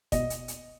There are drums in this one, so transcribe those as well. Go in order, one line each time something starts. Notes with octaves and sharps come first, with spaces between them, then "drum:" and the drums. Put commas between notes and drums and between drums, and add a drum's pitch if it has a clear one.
B2 D#5, drum: kick, hi-hat
drum: hi-hat
drum: hi-hat